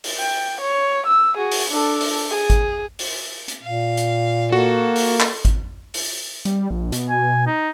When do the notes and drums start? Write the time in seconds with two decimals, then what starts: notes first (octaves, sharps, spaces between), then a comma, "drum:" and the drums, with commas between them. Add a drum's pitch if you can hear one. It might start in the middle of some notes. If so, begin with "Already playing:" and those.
0.04 drum: open hi-hat
0.18 G5
0.61 C#5
1.07 E6
1.38 F#4 G#4
1.51 drum: open hi-hat
1.71 D4 A4
2.01 drum: open hi-hat
2.30 G#4
2.50 drum: kick G#1, hi-hat
2.99 drum: open hi-hat
3.48 drum: hi-hat
3.63 A#2 F5
3.97 drum: hi-hat
4.52 A#3 F#4 A4
4.96 drum: open hi-hat
5.20 drum: clap
5.45 drum: kick G#1, hi-hat
5.94 drum: open hi-hat
6.45 G3, drum: hi-hat
6.71 A#1
6.92 B2, drum: hi-hat
7.09 G#5
7.47 D#4